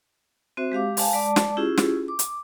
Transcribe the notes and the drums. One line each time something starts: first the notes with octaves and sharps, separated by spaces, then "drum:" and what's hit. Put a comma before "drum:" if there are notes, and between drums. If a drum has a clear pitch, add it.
C4 F#4 C5 E5
G#3 G4 F5 D6
F5 G#5 A5, drum: open hi-hat
G#3 D5 A5 D6
drum: snare
C#4 E4 F4 G4 G#4
drum: snare
D6
drum: hi-hat